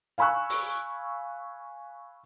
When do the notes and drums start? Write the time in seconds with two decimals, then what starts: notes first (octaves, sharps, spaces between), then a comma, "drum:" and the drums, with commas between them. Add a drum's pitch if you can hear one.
0.18 F5 G#5 B5 C#6 E6 F#6
0.50 drum: open hi-hat